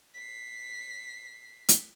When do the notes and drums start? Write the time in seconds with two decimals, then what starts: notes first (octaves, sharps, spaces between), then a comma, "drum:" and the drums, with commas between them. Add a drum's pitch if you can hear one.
0.14 B6 C7
1.69 drum: hi-hat